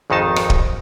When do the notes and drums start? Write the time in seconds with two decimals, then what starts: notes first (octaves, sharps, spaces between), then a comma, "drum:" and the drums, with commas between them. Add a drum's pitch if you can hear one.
0.10 G#1 F2 D#3 D#4 A5
0.36 drum: rim click
0.50 drum: kick